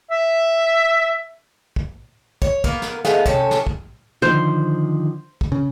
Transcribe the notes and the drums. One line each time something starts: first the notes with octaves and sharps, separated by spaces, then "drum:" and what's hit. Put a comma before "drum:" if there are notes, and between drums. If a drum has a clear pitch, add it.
E5
drum: kick
C#5, drum: kick
A#3 B3 A#4, drum: kick
drum: snare
G#3 A3 B3 F5, drum: snare
C3 C#4 A4, drum: kick
drum: snare
drum: kick
D3 D#3 F3 C5
drum: kick
C#3